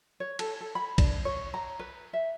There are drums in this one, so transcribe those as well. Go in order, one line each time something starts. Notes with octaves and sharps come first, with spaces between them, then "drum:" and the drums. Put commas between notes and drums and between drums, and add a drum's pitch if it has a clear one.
C#5
A4, drum: cymbal
A4
B5
D4, drum: kick A#1, cymbal
C#5
A#5
B4
E5